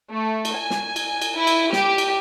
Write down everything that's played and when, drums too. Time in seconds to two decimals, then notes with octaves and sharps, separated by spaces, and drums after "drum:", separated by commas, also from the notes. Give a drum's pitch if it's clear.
0.11 A3
0.45 drum: cymbal
0.55 G#5
0.70 drum: snare
0.96 drum: cymbal
1.22 drum: cymbal
1.36 E4
1.47 drum: cymbal
1.73 G4, drum: snare
1.98 drum: cymbal